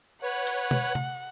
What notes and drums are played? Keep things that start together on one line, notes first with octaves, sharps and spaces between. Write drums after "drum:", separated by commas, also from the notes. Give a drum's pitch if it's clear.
B4 C#5 F#5
drum: cymbal
drum: tom B2
drum: tom C3